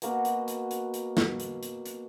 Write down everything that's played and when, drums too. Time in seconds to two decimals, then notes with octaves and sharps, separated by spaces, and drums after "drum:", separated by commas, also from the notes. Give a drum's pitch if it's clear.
0.02 B2 A#3 F#4, drum: hi-hat
0.25 drum: hi-hat
0.48 drum: hi-hat
0.71 drum: hi-hat
0.94 drum: hi-hat
1.17 drum: snare
1.40 drum: hi-hat
1.63 drum: hi-hat
1.86 drum: hi-hat